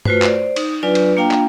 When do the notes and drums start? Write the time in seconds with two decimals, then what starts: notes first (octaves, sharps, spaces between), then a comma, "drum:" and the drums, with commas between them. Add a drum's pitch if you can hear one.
0.05 A3 F4 F#4 B4 C5, drum: tom G2
0.22 C5 D5, drum: clap
0.56 D#4, drum: cymbal
0.83 F#3 D4 F4 B4 D5 G#5
0.95 drum: cymbal
1.17 A#3 D4 F4 F5 G5 A#5
1.31 drum: clap